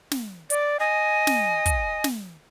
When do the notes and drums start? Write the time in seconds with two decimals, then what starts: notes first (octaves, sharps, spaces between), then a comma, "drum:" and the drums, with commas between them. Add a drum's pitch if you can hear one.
0.11 drum: snare
0.50 D5, drum: hi-hat
0.80 D#5 G#5
1.27 drum: snare
1.66 drum: kick, hi-hat
2.04 drum: snare